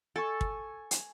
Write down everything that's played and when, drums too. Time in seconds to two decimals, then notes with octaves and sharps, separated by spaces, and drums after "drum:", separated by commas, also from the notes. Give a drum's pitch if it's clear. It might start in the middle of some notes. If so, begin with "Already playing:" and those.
0.16 A4 G#5 C#6
0.41 drum: kick
0.91 drum: hi-hat